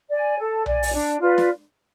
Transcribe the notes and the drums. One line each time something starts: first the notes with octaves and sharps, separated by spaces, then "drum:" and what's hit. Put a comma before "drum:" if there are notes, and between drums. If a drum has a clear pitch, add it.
D5 G#5
A4
D5 G#5, drum: tom B1
drum: open hi-hat
D4
F4 B4 D5
drum: snare